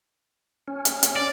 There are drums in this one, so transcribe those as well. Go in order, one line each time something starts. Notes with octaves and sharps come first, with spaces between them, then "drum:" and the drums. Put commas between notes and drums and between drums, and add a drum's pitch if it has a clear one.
C#4
drum: hi-hat
drum: hi-hat
D5